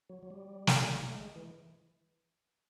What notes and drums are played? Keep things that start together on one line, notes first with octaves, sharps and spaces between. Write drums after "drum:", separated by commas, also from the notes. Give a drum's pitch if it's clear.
F#3
F#3
G3
drum: snare
A3
G#3
E3